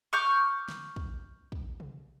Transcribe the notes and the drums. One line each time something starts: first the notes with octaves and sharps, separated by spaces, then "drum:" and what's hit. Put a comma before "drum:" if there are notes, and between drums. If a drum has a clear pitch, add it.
C#6 D6 F6 G6
drum: snare
drum: kick
drum: kick
drum: tom C3